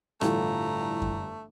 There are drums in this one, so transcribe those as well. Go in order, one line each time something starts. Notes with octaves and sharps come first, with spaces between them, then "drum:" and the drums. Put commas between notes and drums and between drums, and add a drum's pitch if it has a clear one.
G1 A2 E3 G3 A3 F4 A#5, drum: rim click
drum: kick F#2